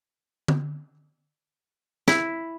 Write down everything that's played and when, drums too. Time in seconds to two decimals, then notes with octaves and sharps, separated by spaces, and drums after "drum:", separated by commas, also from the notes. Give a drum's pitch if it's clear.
0.48 drum: tom D3
2.08 E4, drum: snare